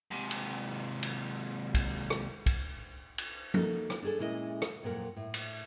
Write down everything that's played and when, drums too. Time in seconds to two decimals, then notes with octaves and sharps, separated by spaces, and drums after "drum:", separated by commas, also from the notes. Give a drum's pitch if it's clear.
0.11 G#2 C3
0.31 drum: cymbal
1.03 drum: cymbal
1.74 drum: kick, cymbal
2.10 drum: rim click
2.46 drum: kick, cymbal
3.18 drum: cymbal
3.54 A#3 D#4 F#4 A4, drum: tom F3
3.90 drum: rim click
4.02 D4 G#4 A4
4.19 A#2 G#3 C#4 E4 A#4 D#5
4.62 drum: rim click
4.83 F2 A#2 F#3 A#4 F#5
5.16 A2
5.34 drum: cymbal